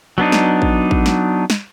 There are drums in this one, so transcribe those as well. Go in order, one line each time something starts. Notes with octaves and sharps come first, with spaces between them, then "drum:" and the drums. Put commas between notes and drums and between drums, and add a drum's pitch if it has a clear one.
F#3 B3 D4 D#4
drum: snare
drum: kick A1
drum: kick A1
drum: snare
drum: snare